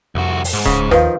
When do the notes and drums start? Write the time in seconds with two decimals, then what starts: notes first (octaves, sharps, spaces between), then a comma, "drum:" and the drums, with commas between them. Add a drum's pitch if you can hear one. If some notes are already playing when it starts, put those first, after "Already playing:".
0.15 C2 F2 F#4
0.44 drum: open hi-hat
0.53 G#2
0.66 D1 C#3, drum: kick
0.91 D#2 D#3 F3 B4 F5, drum: snare